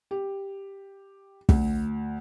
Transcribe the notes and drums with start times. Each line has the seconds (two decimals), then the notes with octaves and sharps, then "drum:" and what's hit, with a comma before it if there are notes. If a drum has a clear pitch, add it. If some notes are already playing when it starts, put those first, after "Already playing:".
0.11 G4
1.49 D2, drum: kick